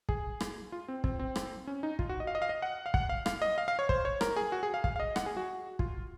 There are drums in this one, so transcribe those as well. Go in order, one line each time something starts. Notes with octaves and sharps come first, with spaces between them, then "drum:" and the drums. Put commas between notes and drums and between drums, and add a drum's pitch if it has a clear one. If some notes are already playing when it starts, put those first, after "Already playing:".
G#4, drum: kick
drum: rim click
F4
C4
C4, drum: kick
C4
drum: rim click
C#4
D#4
F4, drum: kick
F#4
D#5
F5
D#5
F5
D#5
F#5
F5
F#5, drum: kick
F5
F5, drum: rim click
D#5
F5
F5
C#5
C5, drum: kick
C#5
A#4, drum: rim click
G#4
F#4
G#4
F5
F5, drum: kick
F5
D#5
F#5, drum: rim click
G#4
F#4
F4, drum: kick